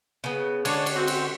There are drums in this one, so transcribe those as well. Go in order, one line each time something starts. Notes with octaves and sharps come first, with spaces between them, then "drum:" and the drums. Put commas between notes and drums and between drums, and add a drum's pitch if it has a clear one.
C#3 B3
D3 G#3 D4 C#5, drum: cymbal
drum: cymbal
C4 F#4
drum: cymbal